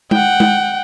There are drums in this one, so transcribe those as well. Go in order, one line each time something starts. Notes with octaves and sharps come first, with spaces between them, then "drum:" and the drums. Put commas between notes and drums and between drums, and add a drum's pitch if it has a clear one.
F#5 G5, drum: tom G#3
drum: tom G#3